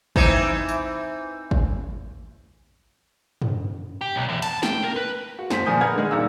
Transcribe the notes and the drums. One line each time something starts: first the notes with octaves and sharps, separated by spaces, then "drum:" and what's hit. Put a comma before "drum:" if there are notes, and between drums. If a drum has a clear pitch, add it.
E3 C4 D#4, drum: kick
drum: tambourine
drum: kick
drum: tom
G4
B1
E2
A5, drum: cymbal
G5, drum: snare
A#4
B4
F#4
F#1 C5 B6, drum: snare
A#2 F3 A#4 G#5 D#6 G6
A#4 B4 F#5 F6 G#6
D3 D#3 G#3 D#4
E1 G2 A#2 F#5 A#5 E6